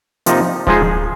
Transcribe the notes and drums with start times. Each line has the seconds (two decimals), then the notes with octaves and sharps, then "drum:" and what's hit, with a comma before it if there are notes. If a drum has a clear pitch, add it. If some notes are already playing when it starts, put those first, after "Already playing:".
0.26 C3 F3 A#3 D#4, drum: hi-hat
0.67 F3 G#3 D#4 G#4 C5, drum: kick D1